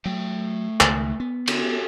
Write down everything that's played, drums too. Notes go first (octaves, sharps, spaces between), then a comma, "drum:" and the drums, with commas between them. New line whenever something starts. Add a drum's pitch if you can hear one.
F#3 A3 G5
C#2 D#3, drum: clap
B3
D3, drum: cymbal
G4 A4